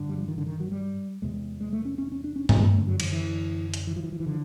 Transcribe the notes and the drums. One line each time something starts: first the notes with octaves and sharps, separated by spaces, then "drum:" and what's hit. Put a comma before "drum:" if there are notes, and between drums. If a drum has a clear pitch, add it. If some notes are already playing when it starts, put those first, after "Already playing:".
Already playing: G2 D3
G3
F3
D#3
D3
D#3
F#3
G3
E2 C3 G#3
G#3
A3
C#4
C#4
C#4
D4
C#4
G#3, drum: tom G2
A#3
F#2 D3 A3
F#3
E3, drum: cymbal
E3
drum: hi-hat
E3
F3
E3
F3
E3
D3 F3